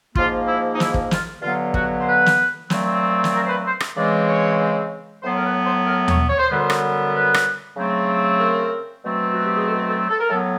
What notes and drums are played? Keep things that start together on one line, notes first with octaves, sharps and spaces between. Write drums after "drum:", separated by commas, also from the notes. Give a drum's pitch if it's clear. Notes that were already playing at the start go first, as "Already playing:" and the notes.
G#2 F3 A#3 F4, drum: kick
E4
D#4
E4, drum: snare
drum: kick
F4, drum: snare
G2 D3 F#3 B3 F4
F#4, drum: kick
C5
B4
drum: snare
A#2 F#3 A3 C4, drum: snare
drum: snare
A#4
C5
B4
C5
drum: rim click
C#3 E3 G#3 C4 D5
C#5
A2 F#3 B3 C5
A#4
B4
C5
A#4
C#5, drum: tom D#2
C#5
C5
F#2 D3 G3 B3 B4
C5
drum: rim click
B4
drum: rim click
C#3 F#3 A3 C4
A#4
B2 F#3 A3 C4
F#4
G4
G#4
A4
A4
A4
A#4
A2 F#3 B3 A4